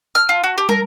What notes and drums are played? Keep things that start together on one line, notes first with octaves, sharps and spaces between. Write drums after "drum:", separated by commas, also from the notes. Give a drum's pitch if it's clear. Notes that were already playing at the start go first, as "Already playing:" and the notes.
F6
F4
F#4
G4
A#4, drum: tom